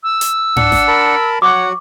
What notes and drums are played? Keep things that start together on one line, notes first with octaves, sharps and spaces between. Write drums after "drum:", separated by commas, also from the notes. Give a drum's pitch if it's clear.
E6
drum: hi-hat
D4 F#5, drum: tom G#2
drum: snare G#1
A#4 A5 B5
F#3 F#4 C#5 F#5 C#6 D6